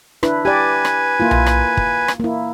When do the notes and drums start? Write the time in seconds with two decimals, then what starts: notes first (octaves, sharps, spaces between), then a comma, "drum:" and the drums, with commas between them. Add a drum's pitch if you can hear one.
0.23 D4 E4 B4, drum: rim click
0.45 G4 B4 D5 G#5
0.85 drum: rim click
1.20 A#3 E4 F4
1.31 drum: tom B1
1.46 drum: rim click
1.77 drum: kick
2.08 drum: rim click
2.20 A#3 E4